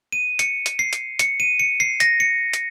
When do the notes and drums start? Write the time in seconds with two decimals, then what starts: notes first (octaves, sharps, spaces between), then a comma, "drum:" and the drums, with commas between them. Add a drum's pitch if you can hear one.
0.12 D#7
0.39 C#7, drum: hi-hat
0.66 drum: hi-hat
0.79 C7
0.93 drum: hi-hat
1.19 C#7, drum: hi-hat
1.40 D#7
1.60 C#7
1.80 C7
2.00 A#6, drum: hi-hat
2.20 C#7
2.53 drum: hi-hat